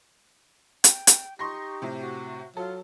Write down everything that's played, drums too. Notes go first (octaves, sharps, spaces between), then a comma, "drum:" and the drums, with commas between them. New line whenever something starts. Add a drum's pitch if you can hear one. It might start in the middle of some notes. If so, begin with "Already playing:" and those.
G5, drum: hi-hat
drum: hi-hat
D#4 G4 C6 C#6 A#6
A2 C3
F#4
F#3 F4 A4